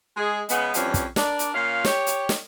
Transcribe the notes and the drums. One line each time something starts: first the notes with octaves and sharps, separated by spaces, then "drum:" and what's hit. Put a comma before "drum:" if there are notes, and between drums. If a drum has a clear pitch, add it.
G#3 G#4
C#3 G#3 B3, drum: hi-hat
F2 E3 F3 G3 C#4, drum: hi-hat
drum: kick, hi-hat
D4 A#4 D5, drum: snare
drum: hi-hat
A#2 C#4 F4 F5
G4 C#5, drum: snare
drum: hi-hat
drum: snare